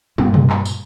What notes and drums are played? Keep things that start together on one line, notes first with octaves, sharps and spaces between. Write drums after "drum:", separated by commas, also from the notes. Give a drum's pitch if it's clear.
G2 A#2, drum: tom
drum: tom
drum: clap
drum: tambourine